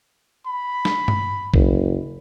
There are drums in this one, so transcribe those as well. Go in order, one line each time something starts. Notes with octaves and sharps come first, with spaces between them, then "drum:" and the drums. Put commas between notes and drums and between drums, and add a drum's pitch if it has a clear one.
B5
drum: snare
drum: tom G2
F#1, drum: kick B1